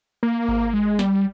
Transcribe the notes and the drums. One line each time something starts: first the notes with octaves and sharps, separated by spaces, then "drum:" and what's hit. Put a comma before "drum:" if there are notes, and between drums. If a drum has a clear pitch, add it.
A#3
drum: kick G#1
G#3
G3, drum: snare